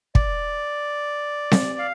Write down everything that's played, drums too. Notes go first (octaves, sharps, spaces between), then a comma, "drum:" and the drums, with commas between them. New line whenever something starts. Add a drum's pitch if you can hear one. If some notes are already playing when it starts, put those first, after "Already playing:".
D5, drum: kick
drum: snare C4
F5